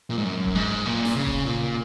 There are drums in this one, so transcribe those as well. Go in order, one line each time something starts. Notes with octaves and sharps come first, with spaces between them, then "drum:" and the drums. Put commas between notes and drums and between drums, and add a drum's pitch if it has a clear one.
A#2
G#2
F#2
drum: kick E1
G#2
A#2
drum: snare
C#3
drum: kick E1
A#2